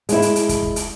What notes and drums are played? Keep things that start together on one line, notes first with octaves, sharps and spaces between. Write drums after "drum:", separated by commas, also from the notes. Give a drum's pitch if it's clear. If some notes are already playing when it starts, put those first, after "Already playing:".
G#3 E4, drum: hi-hat
drum: hi-hat
drum: hi-hat
drum: kick, hi-hat
drum: kick
drum: hi-hat